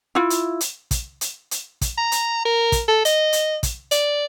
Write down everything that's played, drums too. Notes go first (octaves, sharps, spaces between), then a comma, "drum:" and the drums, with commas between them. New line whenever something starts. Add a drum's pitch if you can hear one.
E4 F4
drum: hi-hat
drum: hi-hat
drum: kick, hi-hat
drum: hi-hat
drum: hi-hat
drum: kick, hi-hat
A#5
drum: hi-hat
A#4
drum: kick, hi-hat
A4
D#5, drum: hi-hat
drum: hi-hat
drum: kick, hi-hat
D5, drum: hi-hat